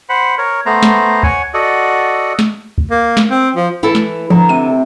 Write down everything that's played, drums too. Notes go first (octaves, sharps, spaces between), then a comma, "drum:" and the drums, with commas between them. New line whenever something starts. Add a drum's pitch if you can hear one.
C5 F#5 B5
A#4 C#5
A3 B3 C5 A#5
drum: snare
C#5 F#5 G#5, drum: kick C#2
F#4 A4 D5 D#5 F#5
drum: snare
drum: kick C#2
A#3
drum: snare
C4
F3
E3 E4 A4
drum: snare
D3 F3 A#5
C3 D#7